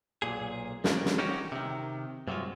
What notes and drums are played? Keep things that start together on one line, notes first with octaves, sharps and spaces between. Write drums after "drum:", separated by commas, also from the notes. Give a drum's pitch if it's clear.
B1 A#2 G#4
F2 A3 A#3 D4, drum: snare
drum: snare
C#4 D#4 F#4 G4
C3 D#3
G2 C3 F#3 G#3 F4